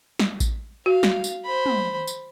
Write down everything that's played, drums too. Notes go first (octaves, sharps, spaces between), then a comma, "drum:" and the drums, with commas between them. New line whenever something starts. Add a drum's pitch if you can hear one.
drum: snare
drum: kick A1, tambourine
F#4 F5
drum: snare
drum: tambourine
C5 B5
drum: tom
drum: tambourine